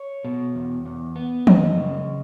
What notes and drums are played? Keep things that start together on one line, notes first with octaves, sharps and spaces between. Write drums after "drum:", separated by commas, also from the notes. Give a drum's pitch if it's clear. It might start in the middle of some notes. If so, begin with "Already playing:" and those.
Already playing: C#5
B2
E2
E2
B3
F#2 D#5, drum: tom
C#3